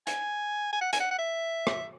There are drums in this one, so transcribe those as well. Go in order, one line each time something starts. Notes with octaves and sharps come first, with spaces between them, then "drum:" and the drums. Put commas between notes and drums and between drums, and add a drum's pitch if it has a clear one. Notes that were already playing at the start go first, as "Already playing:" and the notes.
G#5, drum: hi-hat
G#5
F#5
G#5, drum: hi-hat
F#5
F#5
E5
drum: rim click